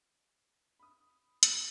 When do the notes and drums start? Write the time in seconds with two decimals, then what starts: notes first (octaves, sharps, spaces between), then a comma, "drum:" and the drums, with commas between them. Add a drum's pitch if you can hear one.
0.79 B5 D#6
1.43 drum: hi-hat